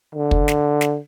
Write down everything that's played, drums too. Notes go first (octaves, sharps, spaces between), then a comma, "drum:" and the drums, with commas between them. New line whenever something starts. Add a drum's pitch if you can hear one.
D3
drum: kick
drum: snare
drum: snare